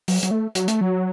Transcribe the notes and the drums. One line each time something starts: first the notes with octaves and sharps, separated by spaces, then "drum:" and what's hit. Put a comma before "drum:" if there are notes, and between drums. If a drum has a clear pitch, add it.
F#3, drum: open hi-hat
F#3, drum: hi-hat
A3
F#3, drum: hi-hat
A3, drum: hi-hat
F#3